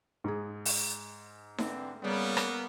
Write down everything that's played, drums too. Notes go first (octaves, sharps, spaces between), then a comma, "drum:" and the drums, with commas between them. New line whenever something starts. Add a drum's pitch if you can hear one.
G#2 G#4
drum: open hi-hat
D3 E3 C4, drum: snare D#4
C#3 G3 A#3 B3
drum: rim click